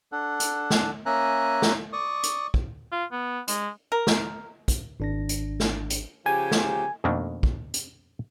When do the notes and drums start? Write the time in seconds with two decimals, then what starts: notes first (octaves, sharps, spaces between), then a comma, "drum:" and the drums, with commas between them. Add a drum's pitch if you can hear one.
0.12 D4 A4 F#5
0.40 drum: hi-hat
0.70 drum: snare
1.06 A#3 C#4 E5 G#5 A#5 F#6
1.62 drum: snare
1.93 D5 C#6 D#6
2.23 drum: hi-hat
2.54 drum: kick
2.92 F4
3.12 B3
3.48 G#3, drum: hi-hat
3.92 A#4
4.07 drum: snare
4.68 drum: kick, hi-hat
5.00 G#1 D4 A#6
5.29 drum: hi-hat
5.60 drum: snare
5.90 drum: hi-hat
6.26 C#3 F3 G4 G#5
6.51 drum: snare
7.04 F2 B2 D#3 A3 A#3 D4
7.43 drum: kick
7.74 drum: hi-hat